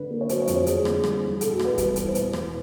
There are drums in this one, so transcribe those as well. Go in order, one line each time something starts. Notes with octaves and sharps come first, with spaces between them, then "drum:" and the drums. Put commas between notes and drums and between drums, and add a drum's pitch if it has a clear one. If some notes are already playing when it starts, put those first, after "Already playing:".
Already playing: D3 B4
A#3
C#5
F#3 C5, drum: hi-hat
C#5
F2, drum: hi-hat
C5
D3 G#4, drum: hi-hat
A#3, drum: rim click
G3, drum: rim click
E2
G#4
B2 A4, drum: hi-hat
F#4
E2, drum: rim click
B4
G3 B4, drum: kick C#1, hi-hat
E2, drum: hi-hat
C5
B2 B4, drum: hi-hat
E2, drum: rim click